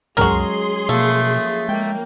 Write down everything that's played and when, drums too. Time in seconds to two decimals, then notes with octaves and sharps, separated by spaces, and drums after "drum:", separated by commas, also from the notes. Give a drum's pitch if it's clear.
0.17 F#3 G#3 C#4 F#4 G#4 A#4 C6, drum: tom
0.89 B2 F3 A3 A#3 A#4
1.69 G#3 A#3 G5